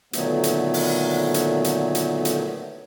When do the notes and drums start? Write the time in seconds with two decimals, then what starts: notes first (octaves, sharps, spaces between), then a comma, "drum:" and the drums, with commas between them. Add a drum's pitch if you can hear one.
0.13 A#2 D3 D#3 F#3 A3 B3, drum: hi-hat
0.44 drum: hi-hat
0.74 drum: open hi-hat
1.34 drum: hi-hat
1.64 drum: hi-hat
1.95 drum: hi-hat
2.25 drum: hi-hat